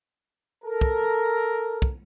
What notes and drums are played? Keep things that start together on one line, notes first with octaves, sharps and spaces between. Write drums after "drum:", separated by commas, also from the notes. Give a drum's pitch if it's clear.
A4 A#4
drum: kick
drum: kick